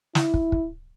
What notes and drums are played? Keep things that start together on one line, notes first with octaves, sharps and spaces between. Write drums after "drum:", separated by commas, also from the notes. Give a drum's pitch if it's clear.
E4, drum: snare
drum: kick
drum: kick